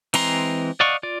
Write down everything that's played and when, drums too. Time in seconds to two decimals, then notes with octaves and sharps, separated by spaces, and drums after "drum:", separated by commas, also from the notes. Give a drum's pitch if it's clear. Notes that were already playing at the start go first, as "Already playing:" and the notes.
0.14 E3 G#3 C4 A#5 C6, drum: cymbal
0.80 D5 D#5 F5 F#5 C#6
1.03 F4 D5